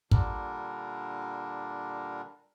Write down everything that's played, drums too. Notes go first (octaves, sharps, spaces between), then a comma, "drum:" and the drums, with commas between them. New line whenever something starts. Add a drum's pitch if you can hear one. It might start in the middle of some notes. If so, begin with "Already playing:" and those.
A#2 D3 G3 D4 A#4, drum: kick